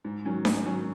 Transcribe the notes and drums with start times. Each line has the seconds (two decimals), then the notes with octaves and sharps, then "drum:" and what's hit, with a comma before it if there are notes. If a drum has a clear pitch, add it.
0.05 G#2
0.25 D#3 F#3 C#4
0.45 G#2, drum: snare D4
0.65 D#3 F#3 C#4